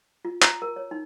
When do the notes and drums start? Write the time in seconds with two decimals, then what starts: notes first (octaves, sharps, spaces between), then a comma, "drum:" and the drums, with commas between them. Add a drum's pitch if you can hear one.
0.25 F4
0.42 A#5, drum: clap
0.62 A#4
0.76 C#5
0.91 D#4